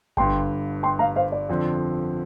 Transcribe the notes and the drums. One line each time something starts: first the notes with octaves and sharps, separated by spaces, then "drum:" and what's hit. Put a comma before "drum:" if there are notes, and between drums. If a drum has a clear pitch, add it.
G1 G2 D3 G5 C6, drum: kick G#1
G5 C6
F5 A#5
C5 F5
D5
F2 D3 F3 C4